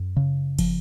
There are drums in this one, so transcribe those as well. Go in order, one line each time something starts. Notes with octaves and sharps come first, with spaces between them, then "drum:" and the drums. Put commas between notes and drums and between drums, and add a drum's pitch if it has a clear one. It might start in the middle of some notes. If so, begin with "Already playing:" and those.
Already playing: F#2
C#3
F3, drum: kick, cymbal